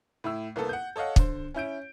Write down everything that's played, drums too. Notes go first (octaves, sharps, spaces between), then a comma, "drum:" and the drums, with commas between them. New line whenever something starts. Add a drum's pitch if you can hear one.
A2 E4 E6
C2 A#3 B3 A4
F#5 G6
A4 C#5 D#5 F5 F#5
D3 C5, drum: kick
C#4 E4 G6 D7